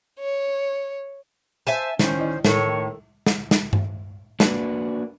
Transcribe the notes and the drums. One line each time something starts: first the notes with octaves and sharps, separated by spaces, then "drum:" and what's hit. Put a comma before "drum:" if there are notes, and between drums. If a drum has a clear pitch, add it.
C#5
C5 E5 G#5 A5
D#3 C#4 E4 C5, drum: snare
E4 D5 D#5
A2 D#3 E4 A4 A#4 C#5, drum: snare
drum: snare
drum: snare
drum: tom G2
A#3 D4 F#4 B4, drum: snare